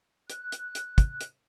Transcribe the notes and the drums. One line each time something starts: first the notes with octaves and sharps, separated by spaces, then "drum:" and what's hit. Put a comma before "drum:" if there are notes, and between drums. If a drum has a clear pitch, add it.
F#6, drum: hi-hat
drum: hi-hat
drum: hi-hat
drum: kick, hi-hat
drum: hi-hat